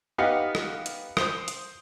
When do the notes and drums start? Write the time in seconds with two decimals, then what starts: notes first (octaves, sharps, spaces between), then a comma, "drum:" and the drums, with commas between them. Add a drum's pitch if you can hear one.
0.18 B3 D#4 G4 F5 F#5
0.55 drum: rim click
0.86 drum: hi-hat
1.17 C5 D#6, drum: rim click
1.48 drum: hi-hat